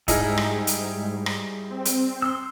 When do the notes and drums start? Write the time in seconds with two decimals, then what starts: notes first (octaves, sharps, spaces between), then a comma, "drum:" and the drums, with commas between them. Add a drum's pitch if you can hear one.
0.08 G#2 G3 D#4 E4 G#4 G#5 F6, drum: kick, hi-hat
0.37 drum: rim click
0.67 drum: hi-hat
1.26 drum: rim click
1.70 C4
1.85 drum: hi-hat
2.22 C6 E6